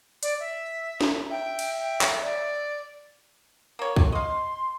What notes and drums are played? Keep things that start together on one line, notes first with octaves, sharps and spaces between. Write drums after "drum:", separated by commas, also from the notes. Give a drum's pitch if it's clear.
D5, drum: hi-hat
E5
drum: snare
E5 G5
drum: cymbal
G5
drum: clap
D5
A#3 C#5
C3 C#6, drum: kick
D#5 F5 C6